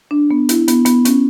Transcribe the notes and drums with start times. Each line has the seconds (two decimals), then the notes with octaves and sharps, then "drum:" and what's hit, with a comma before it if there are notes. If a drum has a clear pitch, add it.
0.11 D4
0.31 B3
0.49 E4, drum: hi-hat
0.68 B3, drum: hi-hat
0.86 B3, drum: hi-hat
1.05 C#4, drum: hi-hat